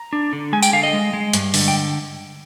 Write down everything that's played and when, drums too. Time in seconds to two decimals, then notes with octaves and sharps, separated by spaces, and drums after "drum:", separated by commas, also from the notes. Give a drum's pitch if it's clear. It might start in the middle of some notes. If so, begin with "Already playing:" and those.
Already playing: A#5
0.13 D4
0.33 D3
0.53 G#3 G#5
0.63 G5, drum: tambourine
0.73 D3 F5
0.83 D#5
0.93 G#3
1.13 G#3
1.33 G2, drum: hi-hat
1.54 D3, drum: open hi-hat
1.68 G5